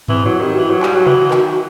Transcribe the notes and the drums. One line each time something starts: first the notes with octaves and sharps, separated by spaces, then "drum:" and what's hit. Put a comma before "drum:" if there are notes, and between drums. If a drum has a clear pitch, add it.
E3 C4, drum: tom G2
F#3 E4
D#3 G4
E3 F#4
E4
F#3
F#4
G3, drum: clap
F#3
E3, drum: tom C3
D#3, drum: clap